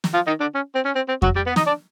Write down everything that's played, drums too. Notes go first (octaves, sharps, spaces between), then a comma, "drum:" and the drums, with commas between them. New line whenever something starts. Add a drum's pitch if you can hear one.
drum: snare
F3 F4
D#3 D#4
D3 D4
C#4
C4
C#4
C4
C4
F#3 F#4, drum: kick F2
G3 G4
B3 B4
D#4 D#5, drum: snare
D4 D5